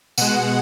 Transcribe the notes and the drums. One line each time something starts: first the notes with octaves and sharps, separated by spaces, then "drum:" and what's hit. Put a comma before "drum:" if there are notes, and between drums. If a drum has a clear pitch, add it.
B2 G#3 F#5, drum: tambourine